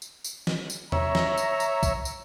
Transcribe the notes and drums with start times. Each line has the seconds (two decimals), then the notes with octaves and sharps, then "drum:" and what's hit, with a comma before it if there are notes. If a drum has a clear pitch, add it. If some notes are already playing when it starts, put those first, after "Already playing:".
0.02 drum: tambourine
0.24 drum: tambourine
0.47 drum: snare
0.70 drum: tambourine
0.92 C#5 E5 A#5, drum: tom E2
1.15 drum: snare
1.37 drum: tambourine
1.60 drum: tambourine
1.83 drum: kick, tambourine
2.05 drum: tambourine